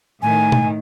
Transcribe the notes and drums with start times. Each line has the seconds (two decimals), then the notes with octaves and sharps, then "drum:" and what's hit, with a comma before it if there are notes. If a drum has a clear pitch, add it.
0.22 A2 D#3 G#5
0.52 drum: tom B2